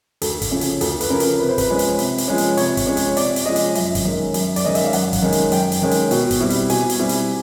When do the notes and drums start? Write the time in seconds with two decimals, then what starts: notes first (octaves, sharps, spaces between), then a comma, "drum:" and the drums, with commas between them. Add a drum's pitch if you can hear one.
0.22 D2 A4, drum: hi-hat
0.42 drum: kick, hi-hat
0.51 C#3 F3
0.61 drum: hi-hat
0.81 D2 A4, drum: hi-hat
1.01 B4, drum: hi-hat
1.10 C#3 F3 A#4
1.20 drum: hi-hat
1.39 C3 B4
1.49 C5
1.58 B4, drum: kick, hi-hat
1.69 F3 G#3 C#4
1.79 drum: hi-hat
1.99 C3, drum: hi-hat
2.18 drum: hi-hat
2.28 F3 G#3 C#4
2.38 drum: hi-hat
2.57 C3 C#5, drum: hi-hat
2.77 drum: kick, hi-hat
2.87 F3 G#3 C#4
2.97 drum: hi-hat
3.17 C3 D5, drum: hi-hat
3.36 drum: hi-hat
3.46 F3 G#3 C#4 D#5
3.56 drum: hi-hat
3.75 F#2 E5, drum: hi-hat
3.95 drum: kick, hi-hat
4.05 D#3 G#3 C#4
4.34 F#2, drum: hi-hat
4.56 D5, drum: hi-hat
4.64 D#3 G#3 C#4 D#5
4.75 E5, drum: hi-hat
4.84 F5
4.93 F#2 F#5, drum: hi-hat
5.13 drum: kick, hi-hat
5.22 D#3 G#3 C#4
5.32 drum: hi-hat
5.52 F#2 G5, drum: hi-hat
5.72 drum: hi-hat
5.81 D#3 G#3 C#4
5.91 drum: hi-hat
6.11 B2, drum: hi-hat
6.31 drum: kick, hi-hat
6.40 G3 C4 E4
6.50 drum: hi-hat
6.70 B2 G#5, drum: hi-hat
6.90 drum: hi-hat
6.99 G3 C4 E4
7.09 drum: hi-hat